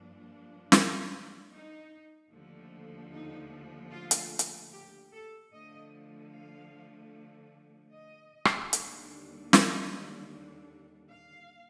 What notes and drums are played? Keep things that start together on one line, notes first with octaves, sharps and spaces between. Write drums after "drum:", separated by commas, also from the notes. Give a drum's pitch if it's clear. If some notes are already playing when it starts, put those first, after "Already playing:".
Already playing: G2 F3 A#3 D4
G4, drum: snare
D#4
D#2 D3 F3 A3
D#4
F4
drum: hi-hat
drum: hi-hat
G4
A4
D3 F3 A3 D#5
F5
D#5
drum: rim click
D#2 D3 G3 D4, drum: hi-hat
D#5, drum: snare
F5